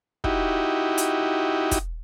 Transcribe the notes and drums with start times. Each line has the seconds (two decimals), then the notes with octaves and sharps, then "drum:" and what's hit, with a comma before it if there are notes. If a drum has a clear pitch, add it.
0.24 D#4 E4 F#4 G4, drum: kick
0.98 drum: hi-hat
1.71 drum: kick, hi-hat